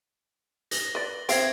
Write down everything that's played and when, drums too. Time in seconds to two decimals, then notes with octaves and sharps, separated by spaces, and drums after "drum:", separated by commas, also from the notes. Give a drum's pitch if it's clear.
0.71 A#6 F#7 G7, drum: hi-hat
0.95 B4 D5
1.29 C4 E5 F5 G#6 C7 D7, drum: hi-hat